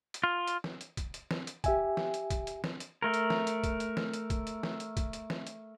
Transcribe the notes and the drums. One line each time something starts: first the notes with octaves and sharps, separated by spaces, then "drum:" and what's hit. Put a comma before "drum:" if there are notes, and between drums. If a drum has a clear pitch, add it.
drum: hi-hat
F4
drum: hi-hat
drum: snare
drum: hi-hat
drum: kick, hi-hat
drum: hi-hat
drum: snare
drum: hi-hat
G4 E5 G#5, drum: kick, hi-hat
drum: snare
drum: hi-hat
drum: kick, hi-hat
drum: hi-hat
drum: snare
drum: hi-hat
A3 A#4
drum: hi-hat
drum: snare
drum: hi-hat
drum: kick, hi-hat
drum: hi-hat
drum: snare
drum: hi-hat
drum: kick, hi-hat
drum: hi-hat
drum: snare
drum: hi-hat
drum: kick, hi-hat
drum: hi-hat
drum: snare
drum: hi-hat